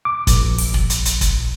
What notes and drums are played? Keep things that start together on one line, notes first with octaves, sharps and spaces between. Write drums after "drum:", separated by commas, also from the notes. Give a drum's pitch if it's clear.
D6
A#1, drum: kick, hi-hat
drum: open hi-hat
drum: kick
drum: hi-hat
drum: hi-hat
drum: kick, hi-hat